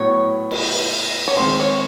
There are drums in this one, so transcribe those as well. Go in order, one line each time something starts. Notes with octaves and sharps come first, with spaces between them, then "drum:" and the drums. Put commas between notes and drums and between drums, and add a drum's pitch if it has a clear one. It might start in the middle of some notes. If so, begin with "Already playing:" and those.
Already playing: A2 F#3 B3 C#5
drum: cymbal
C#5
D#3 G#3 C4 C5
C#5